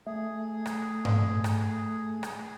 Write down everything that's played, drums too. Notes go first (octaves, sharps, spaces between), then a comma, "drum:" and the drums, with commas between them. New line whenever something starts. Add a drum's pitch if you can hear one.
A3 G#4
drum: rim click
drum: tom G#2
drum: rim click
drum: rim click